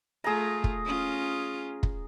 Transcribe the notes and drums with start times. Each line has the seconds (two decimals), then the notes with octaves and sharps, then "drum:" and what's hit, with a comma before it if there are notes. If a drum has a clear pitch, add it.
0.24 A3 F4 G#4 A#5
0.64 drum: kick
0.85 C#4 F4
1.83 drum: kick